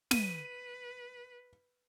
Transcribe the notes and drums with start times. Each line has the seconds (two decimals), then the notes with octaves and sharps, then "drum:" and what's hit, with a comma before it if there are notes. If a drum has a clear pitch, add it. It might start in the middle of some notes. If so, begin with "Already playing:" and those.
0.11 B4 D#7, drum: snare